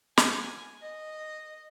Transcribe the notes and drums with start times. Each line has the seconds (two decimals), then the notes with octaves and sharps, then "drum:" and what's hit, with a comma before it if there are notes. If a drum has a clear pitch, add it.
0.17 G#5, drum: snare
0.82 D#5